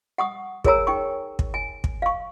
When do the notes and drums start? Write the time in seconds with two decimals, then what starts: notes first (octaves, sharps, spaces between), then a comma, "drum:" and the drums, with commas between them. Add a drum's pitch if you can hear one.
0.18 F#5 C#6 D#6
0.64 G#4 A#4 C#5 G#5 A#5 E6, drum: kick
0.87 D#4 G5 C#6
1.39 drum: kick
1.54 G#5
1.84 drum: kick
2.02 F5 C#6